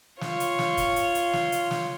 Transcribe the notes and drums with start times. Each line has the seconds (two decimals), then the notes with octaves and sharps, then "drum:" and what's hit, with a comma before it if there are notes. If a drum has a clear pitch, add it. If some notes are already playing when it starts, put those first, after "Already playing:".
0.21 F4 C#5, drum: snare
0.40 drum: hi-hat
0.59 drum: snare
0.77 drum: kick, hi-hat
0.96 drum: hi-hat
1.15 drum: hi-hat
1.33 drum: snare
1.52 drum: hi-hat
1.71 drum: snare